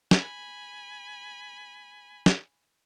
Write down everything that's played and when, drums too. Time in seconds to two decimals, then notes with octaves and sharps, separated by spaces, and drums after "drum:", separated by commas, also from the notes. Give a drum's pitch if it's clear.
0.11 G#5 B5, drum: snare
2.26 drum: snare